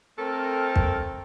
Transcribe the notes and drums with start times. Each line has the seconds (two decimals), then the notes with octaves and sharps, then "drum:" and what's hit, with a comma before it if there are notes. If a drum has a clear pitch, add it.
0.18 A3 C4 A4 A#4
0.76 drum: kick